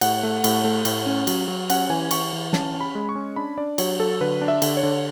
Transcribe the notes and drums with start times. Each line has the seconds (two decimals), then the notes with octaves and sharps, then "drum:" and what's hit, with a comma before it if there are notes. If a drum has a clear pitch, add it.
0.01 A2 F#5, drum: cymbal
0.23 A3
0.44 A2, drum: cymbal
0.64 A3
0.85 A2, drum: cymbal
1.06 C#4
1.27 F#3, drum: cymbal
1.48 F#3
1.70 C#4 F#5, drum: cymbal
1.90 E3 G#5
2.11 E3 C#6, drum: cymbal
2.33 E3
2.53 C#4 A5, drum: snare
2.74 C#4
2.81 B5
2.95 G#3
3.09 C#6
3.15 C#4
3.36 D4 B5
3.58 D4 D5
3.78 F#3 C#5, drum: cymbal
3.99 F#3 A4
4.21 D3 B4
4.41 D4
4.48 E5
4.62 D3, drum: cymbal
4.77 C#5
4.83 D3